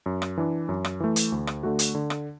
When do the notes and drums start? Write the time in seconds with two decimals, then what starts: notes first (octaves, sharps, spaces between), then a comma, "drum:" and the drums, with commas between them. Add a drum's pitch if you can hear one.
0.06 F#2
0.22 drum: rim click
0.38 E3 D4
0.69 F#2
0.85 drum: rim click
1.00 E3 A3
1.16 drum: hi-hat
1.32 D2
1.47 drum: rim click
1.63 D3 A3 F#4
1.79 drum: hi-hat
1.95 D3
2.10 drum: rim click